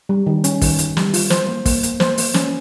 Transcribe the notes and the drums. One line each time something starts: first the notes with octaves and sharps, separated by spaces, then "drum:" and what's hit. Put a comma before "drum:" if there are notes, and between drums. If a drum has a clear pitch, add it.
G3
D#3
C#4, drum: hi-hat
D#3, drum: kick, open hi-hat
D#3, drum: hi-hat
G3, drum: snare
F4, drum: open hi-hat
C5, drum: snare
A#3
A#3, drum: kick, open hi-hat
A#3, drum: hi-hat
C5, drum: snare
A#3, drum: open hi-hat
C#4, drum: snare